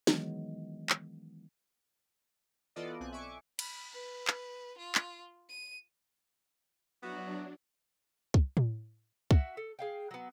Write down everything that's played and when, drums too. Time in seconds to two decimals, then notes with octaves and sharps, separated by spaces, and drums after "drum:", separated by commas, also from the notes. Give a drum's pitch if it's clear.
0.07 D#3 E3 F#3 G#3 B3, drum: snare
0.90 drum: clap
2.76 E3 B3 F4 A4 D5 D#5
3.00 B1 C4 G#5 F#6
3.12 E5 G#5 C#6 D6
3.59 B5, drum: cymbal
3.93 B4
4.27 drum: clap
4.78 F4
4.95 drum: clap
5.49 D#7
7.02 F#3 B3 D4 E4 F#4
8.34 drum: kick
8.57 drum: tom A2
9.31 F#4 E5, drum: kick
9.57 A4
9.79 G#4 F5 G5
10.11 F#3 B3